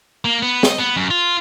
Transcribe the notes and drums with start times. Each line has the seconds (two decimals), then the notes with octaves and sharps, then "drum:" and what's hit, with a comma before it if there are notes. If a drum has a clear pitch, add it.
0.25 A#3
0.43 B3
0.63 D#5, drum: snare
0.78 B3
0.97 F#2
1.11 F4